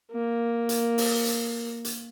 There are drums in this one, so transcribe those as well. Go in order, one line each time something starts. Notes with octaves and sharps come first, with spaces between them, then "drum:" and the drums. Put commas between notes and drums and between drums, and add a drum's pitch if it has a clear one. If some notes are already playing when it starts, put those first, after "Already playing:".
A#3
drum: hi-hat
drum: open hi-hat
drum: hi-hat
drum: hi-hat